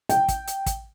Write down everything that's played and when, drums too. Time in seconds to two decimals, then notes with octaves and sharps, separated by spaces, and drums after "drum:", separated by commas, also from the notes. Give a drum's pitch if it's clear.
0.09 G5, drum: hi-hat
0.28 drum: kick, hi-hat
0.47 drum: hi-hat
0.66 drum: kick, hi-hat